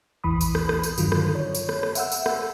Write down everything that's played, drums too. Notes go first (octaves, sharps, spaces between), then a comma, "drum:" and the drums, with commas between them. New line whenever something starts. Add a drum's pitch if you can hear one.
A#1 E2 E3 B5 D#6
drum: tambourine
drum: rim click
drum: rim click
drum: tambourine
G2 D3 D#3 F#3 F4, drum: tambourine
drum: rim click
C#5
drum: tambourine
drum: rim click
drum: rim click
E5 F#5 E6, drum: tambourine
drum: tambourine
drum: rim click